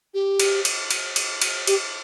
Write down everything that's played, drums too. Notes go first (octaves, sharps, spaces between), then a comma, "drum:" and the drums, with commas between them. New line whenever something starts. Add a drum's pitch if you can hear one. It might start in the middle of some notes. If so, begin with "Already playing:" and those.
G4
drum: cymbal
drum: cymbal
drum: cymbal
drum: cymbal
drum: cymbal
G4, drum: cymbal